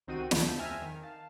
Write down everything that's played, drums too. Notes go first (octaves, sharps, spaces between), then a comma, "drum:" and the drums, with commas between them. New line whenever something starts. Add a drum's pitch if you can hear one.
C2 D#3 C4 D#4 F#4 D#7
D2 E4 A5 G6 A6, drum: snare
E2 C4 E5 G#5 A#5 F6
D#3
F5 A5